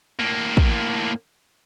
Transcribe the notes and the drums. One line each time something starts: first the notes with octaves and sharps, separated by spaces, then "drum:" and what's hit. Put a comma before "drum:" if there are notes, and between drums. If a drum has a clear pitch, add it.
A2 A#3
drum: kick